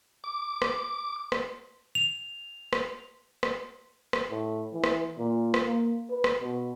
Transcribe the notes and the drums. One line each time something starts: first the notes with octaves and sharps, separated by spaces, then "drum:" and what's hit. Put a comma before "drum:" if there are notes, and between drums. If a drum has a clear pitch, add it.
D6
drum: rim click
drum: rim click
F7
drum: rim click
drum: rim click
drum: rim click
A2
E3
drum: rim click
A#2
drum: rim click
A#3
B4
drum: rim click
B2